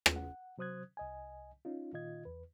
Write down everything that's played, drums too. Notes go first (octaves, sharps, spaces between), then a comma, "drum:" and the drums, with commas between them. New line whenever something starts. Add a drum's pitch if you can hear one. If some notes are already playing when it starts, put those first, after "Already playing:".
drum: rim click
F#5
C3 F#3 C5 D#6 F#6 G#6
C2 D#5 G#5
C#4 D#4 F4
A#2 D#3 F4 D#5 G#6
E2 B4